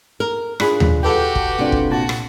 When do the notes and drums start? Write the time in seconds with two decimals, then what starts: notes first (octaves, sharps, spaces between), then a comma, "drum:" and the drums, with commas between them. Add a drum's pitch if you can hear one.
0.20 A#4
0.60 D4 F4 G#4 B5 F#6, drum: rim click
0.80 drum: tom D#2
1.03 F#4 G4 A4 B4 G5
1.35 drum: kick
1.59 C3 D4 F4
1.72 drum: kick
1.91 A#2 F#4 A5
2.09 drum: rim click